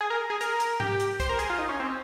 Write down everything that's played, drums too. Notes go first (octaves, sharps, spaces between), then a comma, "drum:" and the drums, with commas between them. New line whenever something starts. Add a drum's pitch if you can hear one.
G#4
A#4
G#4
A#4, drum: hi-hat
drum: hi-hat
G4, drum: tom G#2
drum: hi-hat
C5, drum: kick, hi-hat
A#4
G#4, drum: hi-hat
F4
D#4
C#4
C4